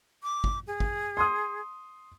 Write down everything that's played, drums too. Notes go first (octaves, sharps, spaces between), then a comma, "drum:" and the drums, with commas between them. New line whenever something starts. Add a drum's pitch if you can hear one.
D6
drum: kick
G#4
drum: kick
C6 D#6